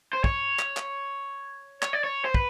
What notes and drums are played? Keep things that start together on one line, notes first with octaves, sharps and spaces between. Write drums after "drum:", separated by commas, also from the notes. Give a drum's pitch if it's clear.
C5
C#5, drum: kick
drum: clap
drum: clap
C#5, drum: clap
D5
C#5
C5
B4, drum: kick